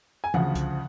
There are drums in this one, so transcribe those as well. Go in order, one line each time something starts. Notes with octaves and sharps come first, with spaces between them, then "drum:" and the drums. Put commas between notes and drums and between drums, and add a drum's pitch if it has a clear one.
G#5
D2 C#3 F3 F#5, drum: tom E3
drum: kick C2, hi-hat